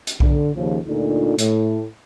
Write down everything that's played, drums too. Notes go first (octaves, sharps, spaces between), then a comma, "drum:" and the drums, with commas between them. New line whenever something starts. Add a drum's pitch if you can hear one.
drum: hi-hat
D3, drum: kick B1
D#2 C#3 F3
D2 A#2 D4 D#4 F4 A4
A2, drum: hi-hat